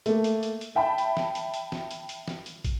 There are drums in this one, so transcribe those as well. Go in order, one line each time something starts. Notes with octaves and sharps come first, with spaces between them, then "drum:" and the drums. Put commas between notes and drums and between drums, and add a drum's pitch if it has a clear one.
A3 A#3, drum: hi-hat
drum: hi-hat
drum: hi-hat
drum: hi-hat
E5 G5 A5 B5
drum: hi-hat
drum: snare
drum: hi-hat
drum: hi-hat
drum: snare
drum: hi-hat
drum: hi-hat
drum: snare
drum: hi-hat
drum: kick, hi-hat